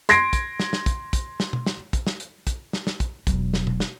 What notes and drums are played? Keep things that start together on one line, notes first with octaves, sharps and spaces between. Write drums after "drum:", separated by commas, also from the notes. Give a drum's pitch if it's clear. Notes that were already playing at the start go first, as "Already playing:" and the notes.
C6 G#6 A#6 C7 D7, drum: hi-hat
drum: kick, hi-hat
drum: snare
drum: snare
drum: kick, hi-hat
drum: kick, hi-hat
drum: snare
drum: tom
drum: snare
drum: kick, hi-hat
drum: snare
drum: hi-hat
drum: kick, hi-hat
drum: snare
drum: snare
drum: kick, hi-hat
E1 F#3, drum: kick, hi-hat
drum: snare
drum: tom
drum: snare